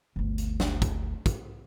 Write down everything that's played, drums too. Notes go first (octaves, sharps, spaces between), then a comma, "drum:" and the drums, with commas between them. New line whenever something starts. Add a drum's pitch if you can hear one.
G1 D2
drum: hi-hat
drum: snare
drum: kick, hi-hat
drum: kick, hi-hat